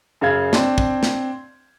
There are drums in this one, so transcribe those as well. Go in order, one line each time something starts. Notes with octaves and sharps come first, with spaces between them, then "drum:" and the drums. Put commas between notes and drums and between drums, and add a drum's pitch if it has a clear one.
F#2 C#3 F5 G#6
C4 D4, drum: snare
drum: kick
drum: snare